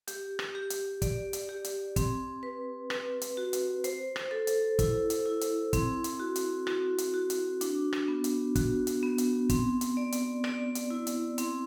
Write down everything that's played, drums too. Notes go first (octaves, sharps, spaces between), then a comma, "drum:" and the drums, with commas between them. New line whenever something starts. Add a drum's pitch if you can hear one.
G4, drum: hi-hat
drum: rim click
G4
drum: hi-hat
D5, drum: kick, hi-hat
drum: hi-hat
G4
drum: hi-hat
C4, drum: kick, hi-hat
B4
B4, drum: rim click
drum: hi-hat
F#4
drum: hi-hat
C5, drum: hi-hat
drum: rim click
A4
drum: hi-hat
E4, drum: kick, hi-hat
drum: hi-hat
E4
drum: hi-hat
C4, drum: kick, hi-hat
drum: hi-hat
F#4
drum: hi-hat
F#4, drum: rim click
drum: hi-hat
F#4
drum: hi-hat
D4, drum: hi-hat
drum: rim click
B3
drum: hi-hat
F#4, drum: kick, hi-hat
drum: hi-hat
B3
drum: hi-hat
C4, drum: kick, hi-hat
drum: hi-hat
D5
drum: hi-hat
D5, drum: rim click
drum: hi-hat
E4
drum: hi-hat
C4, drum: hi-hat